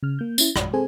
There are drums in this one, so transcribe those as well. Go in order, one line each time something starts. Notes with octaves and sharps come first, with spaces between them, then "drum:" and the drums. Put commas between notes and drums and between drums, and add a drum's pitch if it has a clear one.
C#3 F6
A#3 G6
C#4 E4, drum: tambourine
A#1 F#2 D5, drum: rim click
C4 G#4 A4 C5 G#5